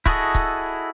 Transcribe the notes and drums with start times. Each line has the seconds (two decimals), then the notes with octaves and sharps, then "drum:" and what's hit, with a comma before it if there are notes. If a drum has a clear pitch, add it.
0.06 E4 F#4 G#4 A4 D#5, drum: kick C#1
0.35 drum: kick C#1